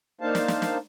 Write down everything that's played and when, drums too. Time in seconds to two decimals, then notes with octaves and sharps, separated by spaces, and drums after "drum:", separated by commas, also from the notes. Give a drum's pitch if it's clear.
0.21 A#3 D4 D#4 C5 F5 A5
0.35 drum: snare
0.48 drum: snare
0.62 drum: snare